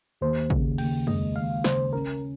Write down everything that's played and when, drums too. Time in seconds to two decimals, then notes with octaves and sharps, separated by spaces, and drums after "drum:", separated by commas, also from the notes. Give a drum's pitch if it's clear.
0.21 D#2 C5
0.50 C#3, drum: kick
0.78 D#2 G5, drum: cymbal
1.07 G#3 D#5, drum: tom F2
1.36 D#2 F5
1.64 C#3 C5, drum: snare
1.93 C#4 A#4